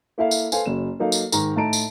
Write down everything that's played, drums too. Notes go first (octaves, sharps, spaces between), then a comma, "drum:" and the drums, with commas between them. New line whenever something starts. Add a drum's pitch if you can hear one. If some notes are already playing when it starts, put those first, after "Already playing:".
A#3 E4 A4 E5 F5
drum: tambourine
A4 B4 C5 F5 G#5, drum: tambourine
F#1 F#3 E7
F#3 A#3 D#4 A4 A#4 F5
drum: tambourine
G#2 D#3 A#5, drum: tambourine
A2 D#4 A5 A#5 D7
drum: tambourine